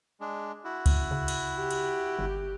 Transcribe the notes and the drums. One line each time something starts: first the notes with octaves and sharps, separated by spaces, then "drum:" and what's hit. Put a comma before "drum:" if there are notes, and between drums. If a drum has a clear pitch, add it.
G#3 D4
E4 F#4
drum: kick C#2, cymbal
C#3
drum: cymbal
G4
drum: cymbal
G1